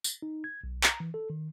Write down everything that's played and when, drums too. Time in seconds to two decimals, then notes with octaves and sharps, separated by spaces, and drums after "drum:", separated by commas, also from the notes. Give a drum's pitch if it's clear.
0.04 drum: tambourine
0.22 D#4
0.44 G#6
0.64 B1
0.83 A#5, drum: clap
1.00 E3
1.14 A4
1.30 D#3